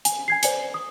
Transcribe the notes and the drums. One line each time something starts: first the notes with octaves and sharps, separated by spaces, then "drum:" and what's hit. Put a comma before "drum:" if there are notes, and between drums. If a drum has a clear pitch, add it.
G#5, drum: hi-hat
G#5 G#6 C7
C5 D5 G#5 C#7, drum: hi-hat
D#6